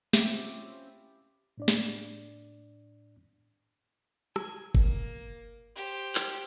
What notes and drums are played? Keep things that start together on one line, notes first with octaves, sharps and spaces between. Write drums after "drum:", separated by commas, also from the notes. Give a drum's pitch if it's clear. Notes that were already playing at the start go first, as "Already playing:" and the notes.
C4 C#4 E4 F4 G4, drum: snare
A2 D4 D5
drum: snare
G#5, drum: rim click
A#3, drum: kick G1
G4 C5
drum: clap